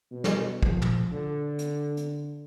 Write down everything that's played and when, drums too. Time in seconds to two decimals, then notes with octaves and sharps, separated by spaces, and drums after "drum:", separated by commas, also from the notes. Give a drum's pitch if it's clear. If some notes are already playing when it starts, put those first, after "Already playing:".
0.11 B2
0.24 drum: snare
0.63 F3, drum: kick
0.82 drum: tom
1.12 D3
1.59 drum: hi-hat
1.97 drum: hi-hat